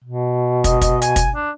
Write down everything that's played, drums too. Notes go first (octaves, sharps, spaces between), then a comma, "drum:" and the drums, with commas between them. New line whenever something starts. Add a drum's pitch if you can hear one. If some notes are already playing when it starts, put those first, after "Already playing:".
B2
D#5, drum: kick, hi-hat
drum: kick, hi-hat
G#5, drum: hi-hat
drum: kick, hi-hat
D4